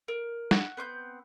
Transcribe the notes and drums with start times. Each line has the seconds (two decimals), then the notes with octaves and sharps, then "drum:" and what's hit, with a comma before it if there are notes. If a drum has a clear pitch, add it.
0.08 A#4
0.51 F#5 C#6 F#6, drum: snare
0.77 B3 C4 C#6 G6